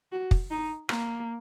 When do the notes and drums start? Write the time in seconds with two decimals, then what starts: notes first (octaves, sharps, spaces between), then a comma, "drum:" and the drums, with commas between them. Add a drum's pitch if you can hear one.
0.12 F#4
0.31 drum: kick
0.51 D#4
0.89 A#3, drum: rim click